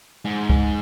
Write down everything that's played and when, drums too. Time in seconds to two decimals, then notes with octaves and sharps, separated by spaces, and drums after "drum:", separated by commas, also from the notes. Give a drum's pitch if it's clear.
0.25 G#2
0.50 drum: kick